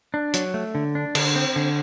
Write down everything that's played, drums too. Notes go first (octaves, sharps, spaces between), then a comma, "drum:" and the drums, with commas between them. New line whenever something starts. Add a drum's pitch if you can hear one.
D4
F#3, drum: hi-hat
A3
D3
D4
D3, drum: cymbal
C4
D3